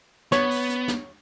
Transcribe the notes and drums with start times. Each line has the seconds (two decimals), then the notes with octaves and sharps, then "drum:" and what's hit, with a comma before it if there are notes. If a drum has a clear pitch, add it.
0.32 B3 C#5, drum: snare
0.51 drum: open hi-hat
0.69 drum: hi-hat
0.88 drum: snare